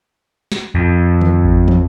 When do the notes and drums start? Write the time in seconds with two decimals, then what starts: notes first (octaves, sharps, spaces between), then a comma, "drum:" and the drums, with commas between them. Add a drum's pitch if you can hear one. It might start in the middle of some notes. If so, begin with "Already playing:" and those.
0.52 drum: snare
0.75 F2
1.21 drum: tom D3
1.45 drum: kick G#1
1.68 drum: tom